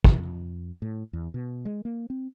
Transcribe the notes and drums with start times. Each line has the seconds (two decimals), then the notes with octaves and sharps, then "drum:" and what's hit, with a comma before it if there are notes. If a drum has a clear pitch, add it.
0.04 E3, drum: kick
0.18 F2
0.82 A2
1.13 E2
1.34 B2
1.65 G#3
1.85 A#3
2.10 C4